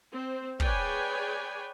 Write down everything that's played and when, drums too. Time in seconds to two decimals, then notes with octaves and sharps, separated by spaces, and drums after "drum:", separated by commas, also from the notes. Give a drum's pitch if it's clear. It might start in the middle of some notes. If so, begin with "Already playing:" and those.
0.14 C4 C5
0.60 G#4 B4 C#5 D5 G5 G#5, drum: kick